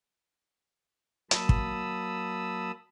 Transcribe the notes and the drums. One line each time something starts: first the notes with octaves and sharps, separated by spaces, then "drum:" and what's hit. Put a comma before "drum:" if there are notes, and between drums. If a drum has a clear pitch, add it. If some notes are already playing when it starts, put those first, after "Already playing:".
F#3 A#3 A5 B5 D#6 E6, drum: hi-hat
drum: kick